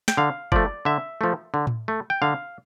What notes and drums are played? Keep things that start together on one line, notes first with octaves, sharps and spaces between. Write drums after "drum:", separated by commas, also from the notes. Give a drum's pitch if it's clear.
G5, drum: snare
D3 F5
F3 A3 D5, drum: kick F#1
D3 E5
F3 A3
D3
drum: tom A2
A3
G5
D3 F5